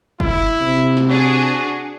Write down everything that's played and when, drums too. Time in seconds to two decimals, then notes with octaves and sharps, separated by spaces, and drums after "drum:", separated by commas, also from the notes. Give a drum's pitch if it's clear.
0.20 E4, drum: kick
0.61 C3
0.97 drum: snare
1.08 D4 F#4 G#4